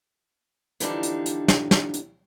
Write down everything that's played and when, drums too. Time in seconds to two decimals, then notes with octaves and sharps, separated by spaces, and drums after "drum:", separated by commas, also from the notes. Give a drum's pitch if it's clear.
0.80 D3 E3 F3 G3 D4 D#4, drum: hi-hat
1.03 drum: hi-hat
1.26 drum: hi-hat
1.48 drum: snare
1.71 drum: snare
1.94 drum: hi-hat